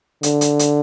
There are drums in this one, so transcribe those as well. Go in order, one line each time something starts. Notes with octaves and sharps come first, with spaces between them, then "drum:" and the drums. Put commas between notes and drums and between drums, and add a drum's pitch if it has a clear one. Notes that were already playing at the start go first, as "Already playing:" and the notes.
D3, drum: hi-hat
drum: hi-hat
drum: hi-hat